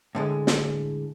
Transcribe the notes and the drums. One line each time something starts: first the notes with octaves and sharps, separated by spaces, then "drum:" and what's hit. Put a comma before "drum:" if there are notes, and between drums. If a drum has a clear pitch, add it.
A2 D3 G#3
drum: snare